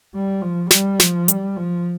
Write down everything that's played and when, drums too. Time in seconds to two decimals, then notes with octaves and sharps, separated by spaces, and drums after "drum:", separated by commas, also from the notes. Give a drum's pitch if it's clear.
0.15 G3
0.42 F3
0.71 G3, drum: snare
1.00 F3, drum: snare
1.28 G3, drum: hi-hat
1.57 F3